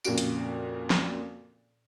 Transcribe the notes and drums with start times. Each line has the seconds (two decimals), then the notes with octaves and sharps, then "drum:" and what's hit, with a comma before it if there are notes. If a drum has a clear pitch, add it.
0.04 F2 A#2 C#3 F#4 D7, drum: tambourine
0.18 drum: hi-hat
0.90 drum: snare